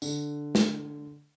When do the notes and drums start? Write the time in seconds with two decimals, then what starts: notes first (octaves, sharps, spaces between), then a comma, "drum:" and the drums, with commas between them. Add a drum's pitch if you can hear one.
0.02 D3, drum: tambourine
0.55 drum: snare